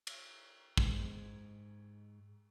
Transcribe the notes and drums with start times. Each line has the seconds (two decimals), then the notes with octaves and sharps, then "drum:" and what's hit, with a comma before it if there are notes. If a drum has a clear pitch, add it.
0.07 drum: cymbal
0.77 G#2 G#3, drum: kick